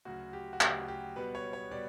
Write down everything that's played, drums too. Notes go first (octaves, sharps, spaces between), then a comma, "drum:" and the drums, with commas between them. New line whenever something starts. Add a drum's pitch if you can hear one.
D2 C#3 F#3 F#4
G4
F#4
D2 C#3 F#3 G4, drum: clap
G4
B2 G3 B3 B4
C#5
C#5
B2 G3 B3 D5